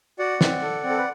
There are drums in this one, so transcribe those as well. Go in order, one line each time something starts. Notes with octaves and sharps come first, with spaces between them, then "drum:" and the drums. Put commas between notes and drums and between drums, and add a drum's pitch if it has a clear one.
F#4 D5 F#5
C4, drum: snare
A4
C4
A4
B4